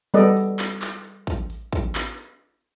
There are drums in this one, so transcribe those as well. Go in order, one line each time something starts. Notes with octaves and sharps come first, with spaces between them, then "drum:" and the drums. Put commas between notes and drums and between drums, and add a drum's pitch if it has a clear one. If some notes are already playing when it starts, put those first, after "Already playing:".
G3 B3 A4 D5 D#5, drum: hi-hat
drum: hi-hat
drum: clap
drum: clap
drum: hi-hat
drum: kick, hi-hat
drum: hi-hat
drum: kick, hi-hat
drum: clap
drum: hi-hat